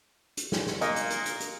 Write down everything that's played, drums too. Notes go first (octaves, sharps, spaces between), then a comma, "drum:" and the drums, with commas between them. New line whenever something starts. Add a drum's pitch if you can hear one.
drum: hi-hat
drum: snare
drum: snare
A#2 A#3 D#5, drum: hi-hat
drum: hi-hat
A#4, drum: hi-hat
drum: hi-hat
drum: hi-hat